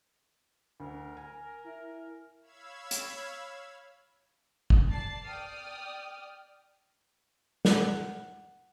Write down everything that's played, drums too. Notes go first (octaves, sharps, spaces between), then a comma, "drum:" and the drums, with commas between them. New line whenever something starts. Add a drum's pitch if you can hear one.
D2 A#4
G#5
E4
C#5 F5 B5 E6 G#6
drum: hi-hat
drum: kick
D5 A5 A6 C7
D5 G5 D#6 F6
F#5, drum: snare